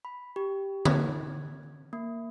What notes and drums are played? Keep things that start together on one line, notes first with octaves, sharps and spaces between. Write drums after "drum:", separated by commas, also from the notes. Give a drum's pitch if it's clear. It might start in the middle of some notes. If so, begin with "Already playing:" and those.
B5
G4
G#6, drum: tom D3
A#3